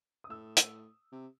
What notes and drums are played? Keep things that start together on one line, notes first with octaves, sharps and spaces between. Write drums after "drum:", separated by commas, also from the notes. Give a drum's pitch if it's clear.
D#6
A2 E6
drum: hi-hat
C3